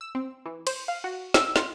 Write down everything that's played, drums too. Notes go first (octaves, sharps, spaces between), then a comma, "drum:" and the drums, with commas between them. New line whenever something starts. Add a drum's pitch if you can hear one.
E6
C4
E3
C5, drum: cymbal
F5
F#4
E6, drum: snare
F4, drum: snare